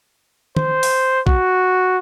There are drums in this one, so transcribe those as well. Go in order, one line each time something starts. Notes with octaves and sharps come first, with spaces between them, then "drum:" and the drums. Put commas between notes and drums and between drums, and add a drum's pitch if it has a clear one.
C5, drum: tom D#3
drum: open hi-hat
F#4, drum: kick A#1